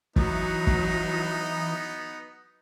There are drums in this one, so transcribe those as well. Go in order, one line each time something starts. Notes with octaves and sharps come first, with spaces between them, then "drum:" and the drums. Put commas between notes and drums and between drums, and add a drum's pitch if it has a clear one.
E3 F#3 B3 D#4, drum: kick
drum: kick